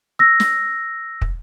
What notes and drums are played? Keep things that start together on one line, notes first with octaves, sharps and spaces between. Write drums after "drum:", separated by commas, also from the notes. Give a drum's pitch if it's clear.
E6 A#6
drum: snare
drum: kick